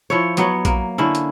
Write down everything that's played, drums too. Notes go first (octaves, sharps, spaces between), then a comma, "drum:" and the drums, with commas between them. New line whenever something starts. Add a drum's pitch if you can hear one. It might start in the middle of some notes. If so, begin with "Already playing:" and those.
F3 E4 C#5
F#3 B3 C#5, drum: hi-hat
A#3, drum: kick A#1, hi-hat
D3 C#4 E4
drum: hi-hat